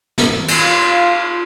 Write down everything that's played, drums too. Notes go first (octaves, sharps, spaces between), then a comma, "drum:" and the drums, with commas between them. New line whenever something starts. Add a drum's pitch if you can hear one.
drum: snare
F4, drum: cymbal